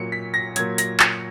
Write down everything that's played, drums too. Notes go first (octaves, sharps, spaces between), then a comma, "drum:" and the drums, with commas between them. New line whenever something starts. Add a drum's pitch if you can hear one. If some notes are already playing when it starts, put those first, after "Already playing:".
Already playing: A#2 F#3 C#7
B6
A#6
A#2 F#3 G#6, drum: hi-hat
A#6, drum: hi-hat
C#7, drum: clap